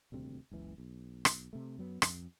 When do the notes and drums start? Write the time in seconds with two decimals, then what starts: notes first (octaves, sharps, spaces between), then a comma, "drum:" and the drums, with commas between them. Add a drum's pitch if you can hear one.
0.12 D#1 D2 C3 C4
0.51 F#1 C#2 E3
0.78 B1
1.25 drum: rim click
1.53 C3 A3
1.78 F#2 F#3 B3
2.02 F2, drum: rim click